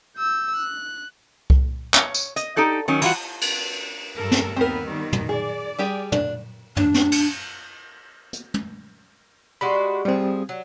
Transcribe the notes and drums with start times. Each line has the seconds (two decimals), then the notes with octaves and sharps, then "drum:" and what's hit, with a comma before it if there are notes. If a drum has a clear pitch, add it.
0.17 E6 G6
0.56 F#6
1.50 drum: kick C2
1.94 C#5, drum: clap
2.14 drum: tambourine
2.36 D#5, drum: hi-hat
2.56 D#4 G4 A4 D5
2.88 D#3 F#3 C#4
3.02 E3 G3 F4 F#4 F#5, drum: cymbal
3.41 drum: cymbal
4.15 G2 A4 A#4
4.31 drum: snare
4.57 D#2 B3 C4 A#4 B4
4.85 D#3 G3 B3
5.13 drum: tom
5.29 G#4 D5
5.79 G3 G4 G#4
6.12 D4, drum: tom
6.77 D4, drum: tom
6.94 drum: snare
7.12 drum: cymbal
8.33 drum: hi-hat
8.54 drum: tom
9.61 G3 G#3 F#4 B5 C6
10.05 F3 G3 C4 G#4
10.49 F#3